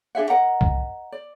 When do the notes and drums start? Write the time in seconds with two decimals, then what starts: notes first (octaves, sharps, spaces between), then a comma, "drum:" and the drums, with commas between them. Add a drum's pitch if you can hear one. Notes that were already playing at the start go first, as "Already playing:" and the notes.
0.15 D4 G#4 E5 F#5
0.30 A#4 D#5 F#5 A#5
0.61 drum: kick
1.12 D5